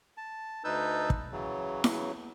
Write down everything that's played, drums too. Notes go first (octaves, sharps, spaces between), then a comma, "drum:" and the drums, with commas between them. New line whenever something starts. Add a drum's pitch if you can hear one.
A5
D2 D#4 B4 A5 E6 G6
drum: kick
C#3 E3 F#3
drum: snare E4